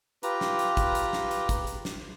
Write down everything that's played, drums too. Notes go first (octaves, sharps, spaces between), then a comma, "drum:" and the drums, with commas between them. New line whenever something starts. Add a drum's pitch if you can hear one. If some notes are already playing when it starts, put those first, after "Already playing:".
F4 G4 B4 A#5, drum: hi-hat
drum: snare
drum: hi-hat
drum: kick, hi-hat
drum: hi-hat
drum: snare
drum: hi-hat
drum: kick, hi-hat
drum: hi-hat
drum: snare